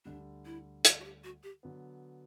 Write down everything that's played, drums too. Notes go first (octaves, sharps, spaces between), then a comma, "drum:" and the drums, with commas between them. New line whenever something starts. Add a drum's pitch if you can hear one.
D2 D3 G3 D4
E4
F#4, drum: hi-hat
F#4
G4
F#4
G4
D3 F#3 B3